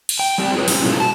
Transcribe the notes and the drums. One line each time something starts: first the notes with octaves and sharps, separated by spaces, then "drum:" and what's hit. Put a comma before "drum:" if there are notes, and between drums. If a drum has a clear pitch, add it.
drum: cymbal
G5
G3 C4 G4 D5
F4 G#4 B4 C#5
G3 C#4 E4, drum: open hi-hat
B2 G3 G#3 A#3 F4 F#4
A5